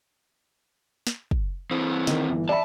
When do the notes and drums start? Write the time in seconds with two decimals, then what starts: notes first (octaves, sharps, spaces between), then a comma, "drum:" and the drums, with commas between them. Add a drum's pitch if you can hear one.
1.07 drum: snare
1.31 drum: kick
1.71 E3 C4
2.07 D#3, drum: snare
2.30 G1 E3
2.49 D5 E5 A5 B5